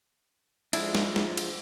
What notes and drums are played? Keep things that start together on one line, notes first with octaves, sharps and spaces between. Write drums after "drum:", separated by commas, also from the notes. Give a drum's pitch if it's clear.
F3 G#3 D4 E4, drum: cymbal
drum: snare
drum: snare
drum: cymbal